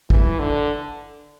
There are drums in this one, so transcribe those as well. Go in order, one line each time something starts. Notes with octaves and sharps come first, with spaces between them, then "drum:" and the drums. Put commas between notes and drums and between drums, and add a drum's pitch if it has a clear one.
E3, drum: kick
D3